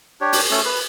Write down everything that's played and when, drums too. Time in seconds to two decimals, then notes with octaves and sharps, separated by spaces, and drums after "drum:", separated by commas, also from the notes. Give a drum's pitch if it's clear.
0.21 D4 G4 C#5
0.33 drum: open hi-hat
0.51 A3 C#4 A4
0.65 B4